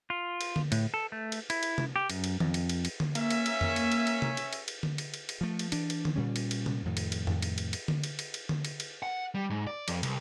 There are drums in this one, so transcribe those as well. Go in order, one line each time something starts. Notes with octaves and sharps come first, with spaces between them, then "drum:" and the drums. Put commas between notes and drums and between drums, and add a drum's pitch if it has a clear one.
F4
drum: cymbal
drum: tom D3
A2, drum: cymbal
A4
A3
drum: cymbal
E4, drum: cymbal
drum: cymbal
drum: tom
G4
F#2, drum: cymbal
drum: cymbal
F2, drum: tom D#3
drum: cymbal
drum: cymbal
drum: cymbal
drum: tom D3
A#3 C#4 E5, drum: cymbal
drum: cymbal
drum: cymbal
drum: tom F2
drum: cymbal
drum: cymbal
drum: cymbal
drum: tom
drum: cymbal
drum: cymbal
drum: cymbal
drum: tom D3
drum: cymbal
drum: cymbal
drum: cymbal
F3 A3
drum: cymbal
E3 D4, drum: cymbal
drum: cymbal
drum: tom D3
A#2 G3 C#4
drum: cymbal
drum: cymbal
drum: tom
F2 A2 D#3
drum: cymbal
drum: cymbal
drum: tom F2
drum: cymbal
drum: cymbal
drum: cymbal
drum: tom D3
drum: cymbal
drum: cymbal
drum: cymbal
drum: tom D3
drum: cymbal
drum: cymbal
F#5
G3
G#2
D5
F2, drum: cymbal
C2, drum: cymbal